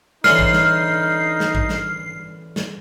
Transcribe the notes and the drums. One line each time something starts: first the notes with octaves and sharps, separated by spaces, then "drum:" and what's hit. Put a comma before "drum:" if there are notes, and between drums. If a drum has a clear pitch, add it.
D3 E3 C#4 D#4 F6 C7, drum: snare
drum: kick A1
drum: snare
drum: snare
drum: kick A1
drum: snare
drum: snare